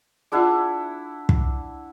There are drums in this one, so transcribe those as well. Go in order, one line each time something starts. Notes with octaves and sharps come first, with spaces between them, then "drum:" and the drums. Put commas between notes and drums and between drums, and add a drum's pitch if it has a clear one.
D4 E4 F4 G#4 F#5
drum: kick